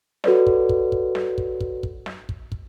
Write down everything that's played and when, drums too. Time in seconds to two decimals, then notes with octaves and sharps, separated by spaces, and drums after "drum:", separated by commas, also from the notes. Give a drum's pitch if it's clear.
0.24 F#4 A4 B4 C#5 D5, drum: snare
0.47 drum: kick
0.69 drum: kick
0.92 drum: kick
1.15 drum: snare
1.38 drum: kick
1.60 drum: kick
1.83 drum: kick
2.06 drum: snare
2.29 drum: kick
2.52 drum: kick